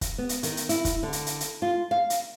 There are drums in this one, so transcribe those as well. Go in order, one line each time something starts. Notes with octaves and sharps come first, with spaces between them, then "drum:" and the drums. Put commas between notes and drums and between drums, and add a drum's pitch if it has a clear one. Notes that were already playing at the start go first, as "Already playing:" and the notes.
drum: kick, hi-hat
B3
drum: hi-hat
D#3, drum: hi-hat
drum: hi-hat
E4, drum: hi-hat
drum: kick, hi-hat
D3
drum: hi-hat
drum: hi-hat
drum: hi-hat
F4
F5
drum: hi-hat